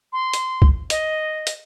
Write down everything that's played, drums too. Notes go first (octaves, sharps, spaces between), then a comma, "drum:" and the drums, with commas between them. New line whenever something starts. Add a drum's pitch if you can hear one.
C6
drum: hi-hat
drum: kick C2
D#5, drum: hi-hat
drum: hi-hat